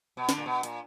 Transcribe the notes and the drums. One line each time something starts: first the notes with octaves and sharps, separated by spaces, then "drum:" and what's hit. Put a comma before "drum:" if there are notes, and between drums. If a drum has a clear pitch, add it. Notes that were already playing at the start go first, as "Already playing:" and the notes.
B2
D3, drum: snare
A#2
B2
A#2, drum: hi-hat